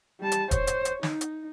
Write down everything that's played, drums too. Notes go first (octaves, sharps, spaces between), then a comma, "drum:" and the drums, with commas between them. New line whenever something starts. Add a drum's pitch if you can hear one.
G3 A5
drum: hi-hat
C5 C#5, drum: kick E1, hi-hat
drum: hi-hat
drum: hi-hat
D#4, drum: snare
drum: hi-hat